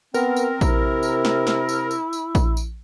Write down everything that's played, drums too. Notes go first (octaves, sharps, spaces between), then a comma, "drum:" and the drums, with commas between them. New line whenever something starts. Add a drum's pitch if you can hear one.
B3 C4 A#4, drum: tambourine
drum: tambourine
C3 E4, drum: kick A#1, tambourine
drum: tambourine
drum: snare
drum: snare
drum: tambourine
drum: tambourine
drum: tambourine
drum: kick A#1, tambourine
drum: tambourine